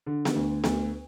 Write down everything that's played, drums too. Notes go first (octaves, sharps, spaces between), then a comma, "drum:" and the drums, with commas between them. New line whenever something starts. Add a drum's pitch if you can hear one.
D3
drum: snare B3
D2
D2, drum: snare B3